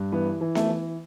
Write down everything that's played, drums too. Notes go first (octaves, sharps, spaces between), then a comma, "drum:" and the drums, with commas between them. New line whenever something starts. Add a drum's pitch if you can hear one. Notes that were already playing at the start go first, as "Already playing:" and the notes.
Already playing: G2
E3 B3
E3
A3, drum: snare B3
E3